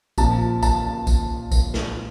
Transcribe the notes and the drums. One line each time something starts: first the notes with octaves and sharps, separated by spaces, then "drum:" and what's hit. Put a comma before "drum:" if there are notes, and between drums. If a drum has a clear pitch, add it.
A#2 F3 A5, drum: kick A#1, tambourine
A5, drum: kick A#1, tambourine
drum: kick A#1, tambourine
drum: kick A#1, tambourine
drum: snare